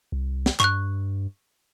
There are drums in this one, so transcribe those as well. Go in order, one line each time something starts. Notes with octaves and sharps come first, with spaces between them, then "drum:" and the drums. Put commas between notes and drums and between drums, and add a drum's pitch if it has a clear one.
C2
drum: snare
G2 C#6 F#6, drum: clap